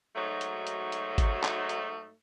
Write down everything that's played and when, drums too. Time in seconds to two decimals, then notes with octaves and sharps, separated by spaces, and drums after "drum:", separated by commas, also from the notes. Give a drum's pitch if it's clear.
0.15 G#2 F#3 A3 D#4 F#4 C#5
0.41 drum: hi-hat
0.67 drum: hi-hat
0.92 drum: hi-hat
1.18 drum: kick G#1, hi-hat
1.44 drum: clap
1.69 drum: hi-hat